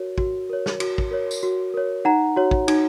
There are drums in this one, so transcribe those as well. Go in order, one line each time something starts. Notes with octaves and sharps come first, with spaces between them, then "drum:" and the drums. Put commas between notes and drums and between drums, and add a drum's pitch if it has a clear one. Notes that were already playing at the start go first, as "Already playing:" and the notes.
Already playing: F#4 A#4 C#5
F#4, drum: kick
A#4 C#5
drum: snare
F#4, drum: cymbal
drum: kick
A#4 C#5
drum: tambourine
F#4
A#4 C#5
D#4 F#5 A#5
F#4 C#5
drum: kick
D#4, drum: cymbal